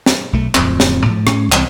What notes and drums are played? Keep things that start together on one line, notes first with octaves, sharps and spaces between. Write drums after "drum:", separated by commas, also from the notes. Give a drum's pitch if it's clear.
drum: snare
B1 A3
D1 F2 C4, drum: clap
drum: snare
G#2 F3
G#2 C#4, drum: rim click
C2 E3 F#3 C4, drum: clap